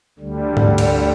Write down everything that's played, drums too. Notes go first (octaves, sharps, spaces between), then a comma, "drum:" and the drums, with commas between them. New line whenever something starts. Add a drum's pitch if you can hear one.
D2 D3 G3
drum: tom G#2
drum: cymbal